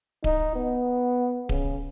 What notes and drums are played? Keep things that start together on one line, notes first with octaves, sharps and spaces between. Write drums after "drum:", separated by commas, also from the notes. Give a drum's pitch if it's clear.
D#4, drum: kick D1
B3
C#3, drum: kick D1